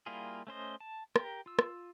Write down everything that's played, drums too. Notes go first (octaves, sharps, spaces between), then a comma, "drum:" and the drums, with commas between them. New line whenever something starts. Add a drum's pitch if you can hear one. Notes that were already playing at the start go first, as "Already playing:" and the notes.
G3 A#3 E4 F4 G#4
A3 C#4 C5 D#5
A5
G4 A#4, drum: rim click
F4 E6
drum: rim click